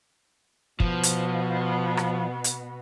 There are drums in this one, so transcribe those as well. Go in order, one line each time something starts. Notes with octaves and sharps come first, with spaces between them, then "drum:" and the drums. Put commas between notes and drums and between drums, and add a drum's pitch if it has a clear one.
B2 F3 B3, drum: kick
drum: hi-hat
drum: rim click
drum: hi-hat